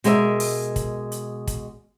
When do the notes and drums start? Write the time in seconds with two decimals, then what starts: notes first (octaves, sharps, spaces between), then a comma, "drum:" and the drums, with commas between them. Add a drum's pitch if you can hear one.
0.04 B2 G#3 A#4 C#5 E5, drum: hi-hat
0.40 drum: open hi-hat
0.76 drum: kick, hi-hat
1.12 drum: hi-hat
1.47 drum: kick, hi-hat